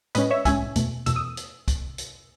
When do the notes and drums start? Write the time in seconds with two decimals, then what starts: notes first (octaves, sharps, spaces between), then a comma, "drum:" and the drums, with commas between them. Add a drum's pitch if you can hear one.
0.15 A2 G#3 C#4 B4 D#5, drum: hi-hat
0.31 C#5 E5
0.45 A2 G#3 C#4 E5 G#5, drum: kick, hi-hat
0.76 E2 B2 A3, drum: hi-hat
1.06 E2 B2 A3 E6, drum: hi-hat
1.16 D#6
1.37 drum: hi-hat
1.68 drum: kick, hi-hat
1.98 drum: hi-hat